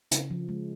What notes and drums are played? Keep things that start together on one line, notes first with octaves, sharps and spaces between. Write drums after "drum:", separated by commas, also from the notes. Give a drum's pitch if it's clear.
C#3, drum: hi-hat
F3
G#3